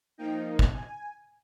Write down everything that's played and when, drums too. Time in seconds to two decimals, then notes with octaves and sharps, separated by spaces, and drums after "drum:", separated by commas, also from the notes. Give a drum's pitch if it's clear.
0.18 F3 A#3 D#4 G5
0.59 drum: kick
0.73 G#5